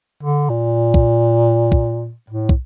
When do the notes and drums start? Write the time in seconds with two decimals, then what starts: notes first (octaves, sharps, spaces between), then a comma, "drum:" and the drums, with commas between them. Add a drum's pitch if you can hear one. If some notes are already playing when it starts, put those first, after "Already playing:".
0.23 D3
0.49 A#2
0.94 drum: kick
1.72 drum: kick
2.30 A2
2.49 drum: kick